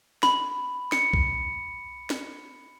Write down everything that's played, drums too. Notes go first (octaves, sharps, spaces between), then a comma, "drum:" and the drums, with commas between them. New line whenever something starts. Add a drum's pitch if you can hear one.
B5, drum: snare
C#7, drum: snare
drum: kick
drum: snare